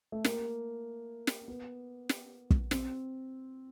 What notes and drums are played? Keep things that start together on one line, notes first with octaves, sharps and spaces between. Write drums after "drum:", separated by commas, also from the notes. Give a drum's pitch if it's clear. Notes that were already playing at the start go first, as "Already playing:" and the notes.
A3
A#3, drum: snare
drum: snare
B3
drum: snare
drum: kick
C4, drum: snare